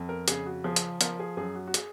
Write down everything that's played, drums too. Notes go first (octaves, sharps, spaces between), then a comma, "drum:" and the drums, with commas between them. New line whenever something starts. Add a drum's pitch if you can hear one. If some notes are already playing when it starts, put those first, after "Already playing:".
Already playing: F2
A#4
C#3 G#4, drum: hi-hat
F#4
F3 G#4
drum: hi-hat
F3 A#4, drum: hi-hat
G#4
F#2 G#4
F#4
F#4
G#4, drum: hi-hat